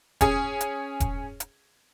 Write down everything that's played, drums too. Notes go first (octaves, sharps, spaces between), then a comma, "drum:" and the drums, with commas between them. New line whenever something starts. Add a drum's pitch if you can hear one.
C#4 G#4, drum: kick E1, hi-hat
drum: hi-hat
drum: kick E1, hi-hat
drum: hi-hat